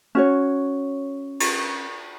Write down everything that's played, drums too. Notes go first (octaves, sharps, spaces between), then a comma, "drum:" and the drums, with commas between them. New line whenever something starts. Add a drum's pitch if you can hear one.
C#4 F#4 C#5
drum: cymbal